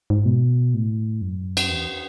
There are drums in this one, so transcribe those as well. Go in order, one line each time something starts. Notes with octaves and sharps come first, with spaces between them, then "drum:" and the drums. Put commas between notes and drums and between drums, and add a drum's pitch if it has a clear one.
G#2
B2
A2
F#2
drum: cymbal
E2